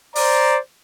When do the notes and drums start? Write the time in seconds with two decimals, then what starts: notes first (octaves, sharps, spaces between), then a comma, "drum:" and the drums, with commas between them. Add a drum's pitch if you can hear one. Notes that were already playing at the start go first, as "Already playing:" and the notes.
0.15 C5 D5 A#5, drum: open hi-hat